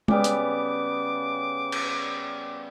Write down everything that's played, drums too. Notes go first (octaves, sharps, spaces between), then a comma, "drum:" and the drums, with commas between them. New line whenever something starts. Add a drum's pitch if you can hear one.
C#3 G3 B3 D6, drum: tom G#3
drum: hi-hat
drum: cymbal